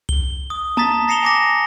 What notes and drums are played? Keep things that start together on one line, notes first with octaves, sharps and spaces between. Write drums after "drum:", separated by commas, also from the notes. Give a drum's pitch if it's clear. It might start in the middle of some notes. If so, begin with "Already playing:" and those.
G7, drum: tom C2
D#6
A5 A#5 D#6 A6 B6, drum: tom A#3
A#6 C7 C#7 E7 F7 G7
G#5 D6 A#6